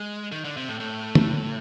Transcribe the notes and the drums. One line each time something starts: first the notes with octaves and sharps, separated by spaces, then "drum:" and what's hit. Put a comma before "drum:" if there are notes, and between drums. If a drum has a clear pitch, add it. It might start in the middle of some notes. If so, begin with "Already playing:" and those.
Already playing: G#3
D#3
D3
C3
A2
A2
drum: tom